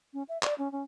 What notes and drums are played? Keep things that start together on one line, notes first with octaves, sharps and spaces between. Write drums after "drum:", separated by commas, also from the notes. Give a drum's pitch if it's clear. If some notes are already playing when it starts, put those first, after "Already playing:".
C#4
E5
D5, drum: clap
C#4
C#4